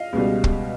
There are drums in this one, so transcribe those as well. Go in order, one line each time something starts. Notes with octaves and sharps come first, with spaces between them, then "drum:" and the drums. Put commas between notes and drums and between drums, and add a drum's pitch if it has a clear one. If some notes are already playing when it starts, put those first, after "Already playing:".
Already playing: D#5 F5
C#2 B2 G3
drum: kick